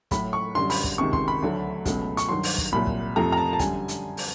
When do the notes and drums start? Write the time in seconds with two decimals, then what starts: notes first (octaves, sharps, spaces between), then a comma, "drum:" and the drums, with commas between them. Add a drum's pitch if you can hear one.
0.11 A2 F#3 A3 B5, drum: kick, hi-hat
0.33 C#6
0.55 F#2 D3 G3 C6
0.70 B5, drum: open hi-hat
0.84 drum: kick
0.98 C#2 C3 D#3 C#6
1.13 C6, drum: kick
1.28 B5
1.42 D2 D3 F#3 A3
1.85 C#2 B2 F#3 A3, drum: kick, hi-hat
2.17 C#6, drum: hi-hat
2.29 G2 D#3 F#3 C6
2.43 drum: open hi-hat
2.58 drum: kick
2.72 C2 A#2 F#3 B5
2.87 drum: kick
3.16 F2 C3 F3 A3 A#5
3.32 A#5
3.37 A5
3.53 A5
3.59 F#2 D3 G3 G#5, drum: kick, hi-hat
3.88 drum: hi-hat
4.17 drum: open hi-hat